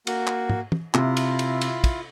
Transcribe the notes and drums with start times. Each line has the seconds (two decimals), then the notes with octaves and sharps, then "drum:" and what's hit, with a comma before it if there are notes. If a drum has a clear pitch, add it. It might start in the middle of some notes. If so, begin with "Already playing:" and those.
0.07 A#3 F#4, drum: cymbal
0.27 drum: clap
0.50 drum: tom
0.72 drum: tom
0.94 C3 E4 F4, drum: clap
1.17 drum: cymbal
1.39 drum: cymbal
1.61 drum: cymbal
1.84 drum: kick, cymbal